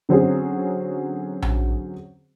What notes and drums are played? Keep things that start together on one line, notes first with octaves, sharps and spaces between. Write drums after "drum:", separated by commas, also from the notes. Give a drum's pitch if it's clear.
D3 F#3 C4 C#4 G#4
drum: tom A#1